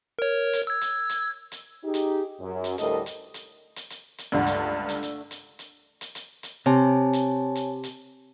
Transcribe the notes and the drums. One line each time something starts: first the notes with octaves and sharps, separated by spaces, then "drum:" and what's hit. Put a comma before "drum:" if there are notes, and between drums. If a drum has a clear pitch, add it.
A#4 C#5
drum: hi-hat
E6 G#6
drum: hi-hat
drum: hi-hat
drum: hi-hat
D#4 G4 G#4
drum: hi-hat
F#2
drum: hi-hat
D2 A2 G3 A4 A#4 D#5, drum: hi-hat
drum: hi-hat
drum: hi-hat
drum: hi-hat
drum: hi-hat
drum: hi-hat
C#2 G2 D3 A3
drum: hi-hat
drum: hi-hat
drum: hi-hat
drum: hi-hat
drum: hi-hat
drum: hi-hat
drum: hi-hat
drum: hi-hat
C3 C#5 G#5 A5
drum: hi-hat
drum: hi-hat
drum: hi-hat